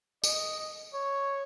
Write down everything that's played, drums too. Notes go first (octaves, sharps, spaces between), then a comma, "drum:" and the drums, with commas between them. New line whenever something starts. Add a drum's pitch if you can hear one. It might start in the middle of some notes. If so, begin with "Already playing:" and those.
D#5, drum: tambourine
C#5